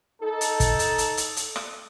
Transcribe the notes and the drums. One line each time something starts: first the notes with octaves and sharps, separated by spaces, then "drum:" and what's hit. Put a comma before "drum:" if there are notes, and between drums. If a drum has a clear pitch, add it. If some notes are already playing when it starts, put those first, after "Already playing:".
D#4 A4
drum: hi-hat
drum: kick, hi-hat
drum: hi-hat
drum: hi-hat
drum: hi-hat
drum: hi-hat
drum: rim click